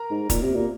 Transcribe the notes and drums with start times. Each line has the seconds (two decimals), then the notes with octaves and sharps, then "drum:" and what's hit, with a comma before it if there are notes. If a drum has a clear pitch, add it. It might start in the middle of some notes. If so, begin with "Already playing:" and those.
Already playing: A#4 A#5
0.11 G#2
0.30 A#2, drum: kick, hi-hat
0.42 C3
0.55 A#2